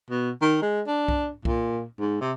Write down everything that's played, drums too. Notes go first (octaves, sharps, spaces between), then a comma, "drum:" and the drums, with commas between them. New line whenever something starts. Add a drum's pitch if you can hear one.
B2
D#3
G#3
D4
drum: kick
A#2, drum: kick
G#2
C3